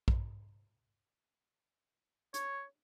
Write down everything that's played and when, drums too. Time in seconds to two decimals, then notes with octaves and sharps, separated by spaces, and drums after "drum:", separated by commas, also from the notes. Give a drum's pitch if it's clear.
0.08 drum: kick
2.34 C#5, drum: hi-hat